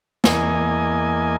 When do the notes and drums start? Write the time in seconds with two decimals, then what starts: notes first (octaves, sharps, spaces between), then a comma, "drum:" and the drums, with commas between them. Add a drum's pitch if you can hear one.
0.24 E2 A#3 D#5 G#5, drum: snare